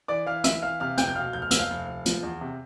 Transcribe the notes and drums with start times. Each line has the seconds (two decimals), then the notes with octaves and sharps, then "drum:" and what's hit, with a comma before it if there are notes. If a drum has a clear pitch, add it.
0.08 E3 D5 D6
0.26 E3 F5 F6
0.44 E3 E5 E6, drum: hi-hat
0.62 E3 F5 F6
0.80 C3 F5 F6
0.98 F1 G5 G6, drum: hi-hat
1.08 G6
1.15 B2 F5 F6
1.33 F1 G6
1.42 F6
1.51 F1 E6, drum: hi-hat
1.59 F5 F6
1.70 F1
1.88 F1
2.06 F3, drum: hi-hat
2.23 E2
2.41 C3